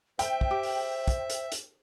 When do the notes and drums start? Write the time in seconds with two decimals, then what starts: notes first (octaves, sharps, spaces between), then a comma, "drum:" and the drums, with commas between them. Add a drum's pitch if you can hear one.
0.19 C5 E5 G5, drum: hi-hat
0.41 drum: kick
0.51 G4
0.63 drum: open hi-hat
1.08 drum: kick, hi-hat
1.30 drum: hi-hat
1.52 drum: hi-hat